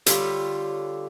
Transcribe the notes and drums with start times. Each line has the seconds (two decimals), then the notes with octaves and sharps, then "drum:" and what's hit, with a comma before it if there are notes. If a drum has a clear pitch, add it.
0.06 D3 G3 F4 C#5, drum: hi-hat